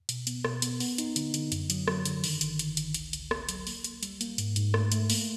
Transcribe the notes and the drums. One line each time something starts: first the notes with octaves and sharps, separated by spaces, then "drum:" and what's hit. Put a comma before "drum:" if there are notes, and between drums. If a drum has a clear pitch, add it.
B2, drum: hi-hat
B3, drum: hi-hat
B2, drum: rim click
B3, drum: hi-hat
B3, drum: open hi-hat
D#4, drum: hi-hat
D3, drum: hi-hat
D3, drum: hi-hat
F#2, drum: hi-hat
F#3, drum: hi-hat
F#3, drum: rim click
D3, drum: hi-hat
D#3, drum: open hi-hat
G1, drum: hi-hat
G1, drum: hi-hat
G1, drum: hi-hat
C#2, drum: hi-hat
C#2, drum: hi-hat
C#2, drum: rim click
F#3, drum: hi-hat
A#3, drum: open hi-hat
A#3, drum: hi-hat
G3, drum: hi-hat
A#3, drum: hi-hat
G#2, drum: hi-hat
G#2, drum: hi-hat
A3, drum: rim click
A3, drum: hi-hat
A#3, drum: open hi-hat